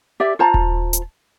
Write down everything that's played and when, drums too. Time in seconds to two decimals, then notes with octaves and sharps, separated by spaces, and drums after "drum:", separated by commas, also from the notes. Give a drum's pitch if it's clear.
0.20 G4 D5 E5
0.39 F4 C5 A5 A#5
0.54 drum: kick D#1
0.93 drum: hi-hat